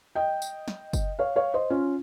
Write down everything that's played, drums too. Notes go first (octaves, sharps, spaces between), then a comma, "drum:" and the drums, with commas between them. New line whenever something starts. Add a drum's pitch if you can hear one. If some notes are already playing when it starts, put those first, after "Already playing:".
D#5 G5
drum: tambourine
drum: snare
drum: kick F#1, tambourine
C#5 F5
C#5 F5
C5 D#5
C#4 F4